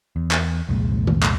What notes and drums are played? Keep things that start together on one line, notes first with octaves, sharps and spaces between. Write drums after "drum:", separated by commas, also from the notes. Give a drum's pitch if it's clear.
E2
drum: clap
C2 F2 A#2 G#3
drum: tom D#3
drum: clap